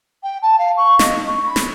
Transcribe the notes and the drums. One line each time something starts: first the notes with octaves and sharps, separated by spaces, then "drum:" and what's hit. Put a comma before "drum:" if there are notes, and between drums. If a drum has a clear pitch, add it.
G5
A5
F5
C#6
D#5, drum: snare
C#6
B5
drum: snare